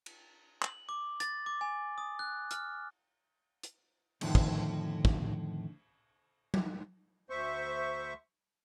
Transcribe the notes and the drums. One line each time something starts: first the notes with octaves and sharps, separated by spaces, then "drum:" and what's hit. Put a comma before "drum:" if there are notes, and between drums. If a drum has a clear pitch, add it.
drum: cymbal
F#7, drum: clap
D6
A6, drum: hi-hat
D6
G#5
D#6
F#6
F6, drum: hi-hat
drum: hi-hat
F2 A2 D3 D#3 F3, drum: cymbal
drum: kick
drum: kick
drum: tom F#3
D2 C5 E5 C#6